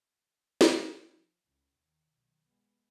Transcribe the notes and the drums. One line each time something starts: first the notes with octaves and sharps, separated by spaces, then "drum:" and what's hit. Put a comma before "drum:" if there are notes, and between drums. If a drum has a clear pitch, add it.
drum: snare
F3
C#2 A2
D#2 D#3
B1 D#3
G#3 B3